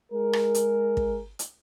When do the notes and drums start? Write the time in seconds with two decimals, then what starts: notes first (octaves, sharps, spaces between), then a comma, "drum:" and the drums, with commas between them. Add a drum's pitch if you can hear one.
0.12 G#3 G#4 A#4
0.33 drum: rim click
0.55 drum: hi-hat
0.97 drum: kick
1.39 drum: hi-hat